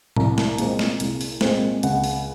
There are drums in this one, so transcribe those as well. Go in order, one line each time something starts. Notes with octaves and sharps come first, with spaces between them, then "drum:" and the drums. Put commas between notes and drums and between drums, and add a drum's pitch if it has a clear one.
C2 A#5, drum: tom A2
drum: snare
A#2 G#3 C4, drum: hi-hat
drum: snare
C2, drum: hi-hat
drum: open hi-hat
A#2 G#3 C4, drum: snare
C#2 F#5, drum: hi-hat
drum: open hi-hat